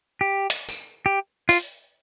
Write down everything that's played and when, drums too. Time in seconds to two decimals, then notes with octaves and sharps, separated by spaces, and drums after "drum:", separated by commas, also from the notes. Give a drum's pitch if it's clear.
0.21 G4
0.50 drum: hi-hat
0.69 drum: tambourine
1.06 G4
1.49 F4, drum: open hi-hat